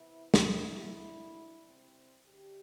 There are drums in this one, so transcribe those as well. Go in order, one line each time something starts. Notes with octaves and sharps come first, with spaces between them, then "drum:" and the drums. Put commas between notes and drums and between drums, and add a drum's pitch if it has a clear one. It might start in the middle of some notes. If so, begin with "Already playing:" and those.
Already playing: C3 E3 B3 E4
drum: snare
C3 F3 C4 E4
B2 A3 D4
C3 G3 C4
D2 D3 A3 D4 G4